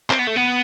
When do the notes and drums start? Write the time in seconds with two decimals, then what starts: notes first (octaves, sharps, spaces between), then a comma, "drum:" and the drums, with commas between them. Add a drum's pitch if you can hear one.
0.10 C4, drum: clap
0.18 B3
0.27 A3
0.36 B3